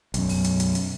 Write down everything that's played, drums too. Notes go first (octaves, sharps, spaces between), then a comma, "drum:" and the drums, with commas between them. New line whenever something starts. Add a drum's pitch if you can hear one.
B1 F#2, drum: hi-hat
drum: open hi-hat
drum: hi-hat
drum: hi-hat
drum: hi-hat